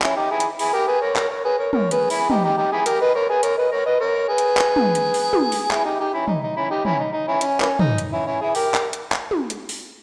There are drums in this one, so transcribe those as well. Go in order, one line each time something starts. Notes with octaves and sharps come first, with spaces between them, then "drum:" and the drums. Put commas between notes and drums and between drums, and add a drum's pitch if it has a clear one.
C#4 E4, drum: clap
D#4 G4
E4 G#4
drum: hi-hat
E4 G#4, drum: open hi-hat
G4 A#4
G#4 B4
A#4 C#5
A#4 C#5, drum: clap
A#4 C#5
G#4 B4
A#4 C#5
A#4 C#5, drum: tom
G#4 B4, drum: hi-hat
E4 G#4, drum: open hi-hat
D#4 G4, drum: tom
D#4 G4
D#4 G4
E4 G#4
G4 A#4, drum: hi-hat
B4 D#5
A#4 C#5
G#4 B4
A#4 C#5, drum: hi-hat
B4 D#5
A#4 C#5
B4 D#5
A#4 C#5
G#4 B4
drum: hi-hat
drum: clap
drum: tom
drum: hi-hat
drum: open hi-hat
drum: tom
drum: open hi-hat
E4 G#4, drum: clap
D#4 G4
D#4 G4
C#4 E4
D#4, drum: tom
D#4
C#4 E4
D#4 G4
C#4 E4, drum: tom
D#4
D#4
C#4 E4
C#4, drum: hi-hat
E3 A#3 C#4, drum: clap
D#4, drum: tom
drum: hi-hat
C#4 E4
C#4 E4
E4 G#4
G4 A#4, drum: open hi-hat
drum: clap
drum: hi-hat
drum: clap
drum: tom
drum: hi-hat
drum: open hi-hat